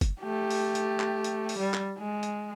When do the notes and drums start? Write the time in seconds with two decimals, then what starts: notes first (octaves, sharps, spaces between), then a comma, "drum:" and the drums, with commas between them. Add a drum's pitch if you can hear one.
0.01 drum: kick, hi-hat
0.21 A3 G4
0.51 drum: open hi-hat
0.75 drum: hi-hat
1.00 drum: clap
1.24 drum: hi-hat
1.49 drum: open hi-hat
1.58 G3
1.74 drum: clap
1.98 G#3
2.23 drum: hi-hat